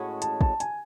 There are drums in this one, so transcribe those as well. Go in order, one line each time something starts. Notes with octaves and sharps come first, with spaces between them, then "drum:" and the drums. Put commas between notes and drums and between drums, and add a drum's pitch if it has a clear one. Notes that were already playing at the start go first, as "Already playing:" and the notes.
Already playing: A2 G#3 C#4 F#4
A5, drum: hi-hat
A5, drum: kick
G#5, drum: hi-hat